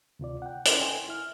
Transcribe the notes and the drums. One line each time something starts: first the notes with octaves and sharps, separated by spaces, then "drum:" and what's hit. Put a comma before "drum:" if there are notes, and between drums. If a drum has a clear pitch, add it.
D2 C3 F4 D5
F#5 G5
C#4 E4 D5 G5 C6, drum: hi-hat
G#5
E4 F6